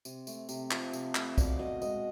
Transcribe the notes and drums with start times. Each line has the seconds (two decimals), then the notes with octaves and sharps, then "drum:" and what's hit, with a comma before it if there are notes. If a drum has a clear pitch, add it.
0.05 C3, drum: tambourine
0.27 A3, drum: tambourine
0.49 C3, drum: tambourine
0.71 F3, drum: clap
0.93 C3, drum: tambourine
1.15 A3, drum: clap
1.38 B2 D5, drum: kick, tambourine
1.59 B2 D#5
1.82 G#3 D#5, drum: tambourine